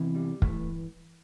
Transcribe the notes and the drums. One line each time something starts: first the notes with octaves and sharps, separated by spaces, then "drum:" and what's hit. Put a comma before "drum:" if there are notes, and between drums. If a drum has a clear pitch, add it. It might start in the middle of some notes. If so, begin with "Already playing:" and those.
Already playing: E2 C3 E3
G3
G2 E3 A3, drum: kick